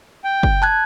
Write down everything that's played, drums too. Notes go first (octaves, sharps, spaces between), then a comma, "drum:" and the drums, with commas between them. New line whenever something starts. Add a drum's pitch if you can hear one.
G5
drum: kick F#1
A5 F#6 G#6